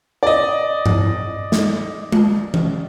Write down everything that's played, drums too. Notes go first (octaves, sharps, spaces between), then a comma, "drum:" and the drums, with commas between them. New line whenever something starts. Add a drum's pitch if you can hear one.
D5 D#5
drum: tom G2
drum: snare
drum: tom G#3
drum: tom E3